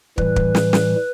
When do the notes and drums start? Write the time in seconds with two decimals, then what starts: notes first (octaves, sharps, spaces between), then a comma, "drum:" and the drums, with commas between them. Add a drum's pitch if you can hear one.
0.18 A2 E3 G3 B4, drum: kick
0.36 drum: kick
0.55 drum: snare
0.73 drum: snare